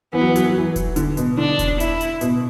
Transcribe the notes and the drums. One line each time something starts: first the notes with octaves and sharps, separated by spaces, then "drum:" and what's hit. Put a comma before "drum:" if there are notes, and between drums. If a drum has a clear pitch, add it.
E3 B3
F#3
E3
F#3, drum: hi-hat
E3
F#3
E3
drum: kick E1, hi-hat
D3, drum: hi-hat
B2, drum: hi-hat
D3 D4
drum: kick E1, hi-hat
E4, drum: hi-hat
drum: hi-hat
B2, drum: hi-hat